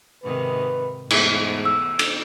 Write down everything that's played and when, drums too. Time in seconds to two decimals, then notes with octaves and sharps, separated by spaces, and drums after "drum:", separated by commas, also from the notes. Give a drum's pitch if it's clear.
0.24 G#2 C3 D#3 B4
1.10 E2 G#2 A3, drum: cymbal
1.65 E6
1.99 drum: cymbal